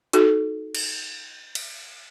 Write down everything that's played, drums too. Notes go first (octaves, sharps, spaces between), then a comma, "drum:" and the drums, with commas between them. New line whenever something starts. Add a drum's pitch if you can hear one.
D#4 F#4 A4, drum: hi-hat
drum: cymbal
drum: cymbal